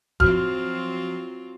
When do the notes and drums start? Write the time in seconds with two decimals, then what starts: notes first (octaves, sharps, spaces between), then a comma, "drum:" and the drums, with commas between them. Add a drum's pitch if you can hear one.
0.20 F3 F#3 C4 F4 F#4 F6, drum: kick